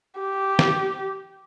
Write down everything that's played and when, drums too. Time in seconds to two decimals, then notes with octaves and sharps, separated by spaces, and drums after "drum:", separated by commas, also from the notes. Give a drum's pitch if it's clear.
0.20 G4
0.59 drum: snare